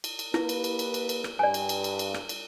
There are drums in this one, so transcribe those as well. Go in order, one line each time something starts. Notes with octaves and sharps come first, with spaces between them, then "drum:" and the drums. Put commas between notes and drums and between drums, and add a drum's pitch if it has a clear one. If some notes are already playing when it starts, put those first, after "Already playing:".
drum: cymbal
drum: cymbal
A#3 E4 G4 B4, drum: rim click
drum: cymbal
drum: cymbal
drum: cymbal
drum: cymbal
drum: cymbal
drum: rim click
G2 D5 G#5
drum: cymbal
drum: cymbal
drum: cymbal
drum: cymbal
drum: rim click
drum: cymbal